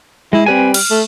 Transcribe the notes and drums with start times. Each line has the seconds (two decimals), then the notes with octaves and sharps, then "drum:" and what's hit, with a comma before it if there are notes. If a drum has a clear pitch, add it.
0.33 G#3 E4
0.46 G3 C4 B4 G#5
0.74 F6, drum: cymbal
0.91 A3